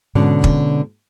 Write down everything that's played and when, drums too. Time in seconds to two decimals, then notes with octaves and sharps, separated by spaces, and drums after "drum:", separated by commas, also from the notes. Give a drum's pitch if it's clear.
0.15 G#2 B2 D3 C#4 D4
0.44 drum: kick